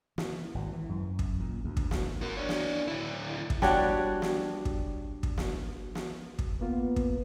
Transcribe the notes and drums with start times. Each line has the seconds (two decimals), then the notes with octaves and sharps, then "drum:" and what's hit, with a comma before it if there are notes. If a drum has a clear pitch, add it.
0.18 E3, drum: snare
0.55 G#1
0.73 E3
0.89 F#2
1.19 drum: kick
1.40 A#2
1.64 D2
1.77 drum: kick
1.91 drum: snare
2.21 F#4 A#4
2.37 D4 C#5
2.49 drum: snare
2.87 D2 E4
3.50 drum: kick
3.62 G3 D4 F#4 C#5, drum: snare
4.22 drum: snare
4.65 drum: kick
5.23 drum: kick
5.38 drum: snare
5.95 drum: snare
6.39 drum: kick
6.61 A#3 B3 F4
6.96 drum: kick